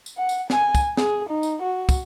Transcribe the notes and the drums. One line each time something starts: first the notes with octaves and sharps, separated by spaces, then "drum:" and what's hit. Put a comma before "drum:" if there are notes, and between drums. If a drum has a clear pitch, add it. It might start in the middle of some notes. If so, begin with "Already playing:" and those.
drum: tambourine
F#5
drum: tambourine
G#5, drum: snare
drum: kick, tambourine
G#4, drum: snare
D#4
drum: tambourine
F#4
drum: kick, tambourine